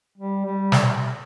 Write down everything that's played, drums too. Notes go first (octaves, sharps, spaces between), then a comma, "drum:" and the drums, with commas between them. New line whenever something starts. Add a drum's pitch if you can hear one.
G3
G3
drum: snare